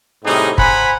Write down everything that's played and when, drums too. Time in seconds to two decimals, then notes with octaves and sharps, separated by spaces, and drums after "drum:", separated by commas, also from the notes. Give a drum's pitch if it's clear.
0.25 A2 C3 G3 C4 D#4 G#4
0.58 C5 F#5 G#5 A#5 B5, drum: kick